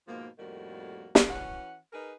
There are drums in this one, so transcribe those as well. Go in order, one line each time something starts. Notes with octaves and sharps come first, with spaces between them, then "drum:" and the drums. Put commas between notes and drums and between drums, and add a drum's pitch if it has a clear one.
G#2 B2 F3 A#3
F2 A2 D#3 G3 A#3 F#4
drum: snare
E3 C#4 F#4 F#5
D#4 G#4 A#4 B4 D#5